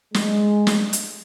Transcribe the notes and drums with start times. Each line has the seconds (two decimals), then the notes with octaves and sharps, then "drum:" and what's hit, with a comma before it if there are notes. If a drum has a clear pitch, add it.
0.14 G#3, drum: snare
0.67 drum: snare
0.93 drum: hi-hat